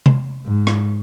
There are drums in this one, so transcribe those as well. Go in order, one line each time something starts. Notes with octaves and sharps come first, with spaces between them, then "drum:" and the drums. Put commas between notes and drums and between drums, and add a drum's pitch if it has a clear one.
drum: tom C3
G#2
drum: rim click